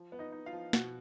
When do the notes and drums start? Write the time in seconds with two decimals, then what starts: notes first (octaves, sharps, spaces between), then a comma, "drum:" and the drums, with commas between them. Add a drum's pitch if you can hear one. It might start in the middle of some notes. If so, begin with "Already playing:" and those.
Already playing: F3
0.12 B3
0.19 D#4 D#5
0.32 D#4
0.46 F4 F5
0.53 F3
0.73 B2 F#4 F#5, drum: snare